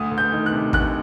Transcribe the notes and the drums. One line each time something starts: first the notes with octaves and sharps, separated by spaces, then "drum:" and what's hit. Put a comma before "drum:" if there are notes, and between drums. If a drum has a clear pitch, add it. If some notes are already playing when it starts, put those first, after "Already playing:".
Already playing: D2 D#6
D2
G6
D#3
F#6
C3
D2 F#6, drum: kick